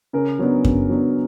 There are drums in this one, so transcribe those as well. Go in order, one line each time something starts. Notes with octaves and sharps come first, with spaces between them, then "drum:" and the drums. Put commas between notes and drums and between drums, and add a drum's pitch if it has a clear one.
C#3 A#4
F#3 B3 D4
C#3, drum: kick F#2
F#3 B3 D4